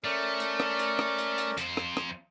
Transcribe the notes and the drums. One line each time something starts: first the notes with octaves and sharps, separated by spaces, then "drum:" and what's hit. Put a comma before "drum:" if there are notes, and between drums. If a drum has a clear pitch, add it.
A3 C#4 A#4 D5
drum: hi-hat
drum: rim click
drum: hi-hat
drum: rim click
drum: hi-hat
drum: hi-hat
F2 C5, drum: hi-hat
drum: rim click
drum: rim click